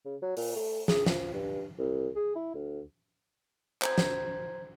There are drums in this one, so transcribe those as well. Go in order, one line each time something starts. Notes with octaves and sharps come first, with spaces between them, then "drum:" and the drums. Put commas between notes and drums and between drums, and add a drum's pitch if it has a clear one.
C#3
F#3
A#2, drum: open hi-hat
A3
G#4, drum: snare
F3, drum: snare
G2
C2
G#4
E4
D2
C5 A#5 G6 G#6, drum: clap
drum: snare